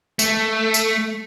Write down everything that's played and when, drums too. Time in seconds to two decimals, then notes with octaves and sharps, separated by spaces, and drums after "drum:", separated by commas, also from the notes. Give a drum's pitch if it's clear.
0.19 A3, drum: tambourine
0.74 drum: tambourine